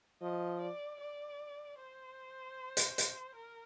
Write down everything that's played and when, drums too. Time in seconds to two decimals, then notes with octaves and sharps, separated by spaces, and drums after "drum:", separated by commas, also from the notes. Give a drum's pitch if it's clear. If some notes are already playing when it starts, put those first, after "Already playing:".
0.22 F3 D#5
0.61 D5
1.00 D5
1.78 C5
2.77 drum: hi-hat
2.98 drum: hi-hat
3.35 A#4